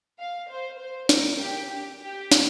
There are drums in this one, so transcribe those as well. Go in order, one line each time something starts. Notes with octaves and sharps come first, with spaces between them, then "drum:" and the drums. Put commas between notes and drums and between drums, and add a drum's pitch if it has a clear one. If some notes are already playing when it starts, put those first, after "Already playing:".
F5
C5
C5
A#4, drum: snare
G4
G4
G4
drum: snare